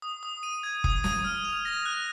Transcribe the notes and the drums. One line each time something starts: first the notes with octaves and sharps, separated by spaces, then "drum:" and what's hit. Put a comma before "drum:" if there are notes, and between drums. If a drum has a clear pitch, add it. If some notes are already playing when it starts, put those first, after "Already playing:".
D#6
D#6
D#7
G#6
D#6, drum: kick
D#7, drum: snare
F6
F7
A#6
F#6